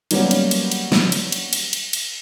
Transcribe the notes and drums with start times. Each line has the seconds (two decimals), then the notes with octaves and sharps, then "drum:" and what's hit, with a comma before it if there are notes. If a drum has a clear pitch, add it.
0.11 D#3 F#3 G3 A#3 B3 C#4, drum: cymbal
0.31 drum: cymbal
0.51 drum: cymbal
0.72 drum: cymbal
0.92 drum: snare
1.12 drum: cymbal
1.32 drum: cymbal
1.53 drum: cymbal
1.73 drum: cymbal
1.93 drum: cymbal